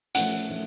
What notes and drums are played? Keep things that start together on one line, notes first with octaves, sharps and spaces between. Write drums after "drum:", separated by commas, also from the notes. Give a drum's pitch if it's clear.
F3 A3 C#4 F#5, drum: hi-hat
F3 A3